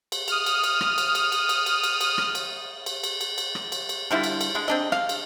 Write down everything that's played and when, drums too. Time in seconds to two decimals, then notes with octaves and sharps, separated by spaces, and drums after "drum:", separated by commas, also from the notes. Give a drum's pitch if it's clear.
0.12 drum: cymbal
0.28 D#6 F6, drum: cymbal
0.46 drum: cymbal
0.64 drum: cymbal
0.81 drum: rim click
0.98 drum: cymbal
1.15 drum: cymbal
1.32 drum: cymbal
1.49 drum: cymbal
1.66 drum: cymbal
1.84 drum: cymbal
2.01 drum: cymbal
2.18 drum: rim click
2.35 drum: cymbal
2.86 drum: cymbal
3.04 drum: cymbal
3.21 drum: cymbal
3.38 drum: cymbal
3.55 drum: rim click
3.72 drum: cymbal
3.89 drum: cymbal
4.11 D3 G3 E4 F4
4.24 drum: cymbal
4.41 drum: cymbal
4.55 D3 G#3
4.68 C4 D4 D#5
4.92 F5, drum: rim click
5.09 drum: cymbal